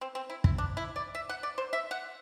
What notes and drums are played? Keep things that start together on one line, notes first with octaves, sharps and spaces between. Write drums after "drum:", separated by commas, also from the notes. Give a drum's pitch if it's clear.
C4
C4
E4
E4, drum: kick
D4
E4
D5
E5
F#5
D5
C5
E5
F#5